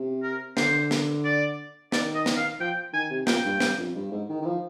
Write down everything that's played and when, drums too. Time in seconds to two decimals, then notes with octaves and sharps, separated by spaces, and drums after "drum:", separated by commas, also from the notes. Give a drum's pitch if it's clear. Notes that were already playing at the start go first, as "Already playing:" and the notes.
Already playing: C3
0.23 A#4
0.57 D3 C5, drum: snare
0.91 drum: snare
1.25 D5
1.92 D#3 D5, drum: snare
2.15 D#5
2.26 drum: snare
2.37 F5
2.60 F3 G5
2.93 D#3 G#5
3.10 C3
3.27 A#2 G5, drum: snare
3.45 G2
3.60 G2, drum: snare
3.78 F2
3.95 G2
4.11 G#2
4.29 D#3
4.41 D#3
4.46 F3